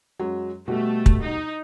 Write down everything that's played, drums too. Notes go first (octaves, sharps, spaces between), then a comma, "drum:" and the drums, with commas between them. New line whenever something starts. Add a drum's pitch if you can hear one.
F#2 F#3 G#3
B2 G3 A3 F#4
drum: kick
D#4